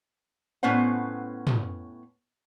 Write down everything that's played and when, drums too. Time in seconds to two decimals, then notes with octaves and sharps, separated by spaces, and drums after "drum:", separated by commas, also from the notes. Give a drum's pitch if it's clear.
0.63 A2 B3 C#4 B4 C5 F#5
1.47 drum: tom